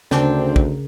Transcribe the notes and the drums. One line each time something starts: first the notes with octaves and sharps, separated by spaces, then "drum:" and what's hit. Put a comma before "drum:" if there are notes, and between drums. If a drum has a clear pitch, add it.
D2 C#3 C4 D4 A#4, drum: snare
drum: kick